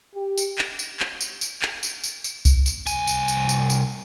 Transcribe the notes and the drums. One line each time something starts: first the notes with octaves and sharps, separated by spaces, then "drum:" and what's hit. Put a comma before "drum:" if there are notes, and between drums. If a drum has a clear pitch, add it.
G4
drum: tambourine
drum: clap
drum: tambourine
drum: clap
drum: tambourine
drum: tambourine
drum: clap
drum: tambourine
drum: tambourine
drum: tambourine
drum: kick C2, tambourine
drum: tambourine
C2 G#5, drum: tambourine
drum: tambourine
drum: tambourine
drum: tambourine
drum: tambourine